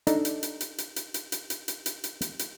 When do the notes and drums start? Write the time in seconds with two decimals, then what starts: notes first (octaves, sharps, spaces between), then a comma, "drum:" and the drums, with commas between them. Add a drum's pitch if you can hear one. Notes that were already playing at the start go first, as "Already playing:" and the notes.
0.07 D4 D#4 A4, drum: hi-hat
0.25 drum: hi-hat
0.43 drum: hi-hat
0.61 drum: hi-hat
0.78 drum: hi-hat
0.96 drum: hi-hat
1.14 drum: hi-hat
1.32 drum: hi-hat
1.50 drum: hi-hat
1.68 drum: hi-hat
1.86 drum: hi-hat
2.04 drum: hi-hat
2.21 drum: hi-hat
2.39 drum: hi-hat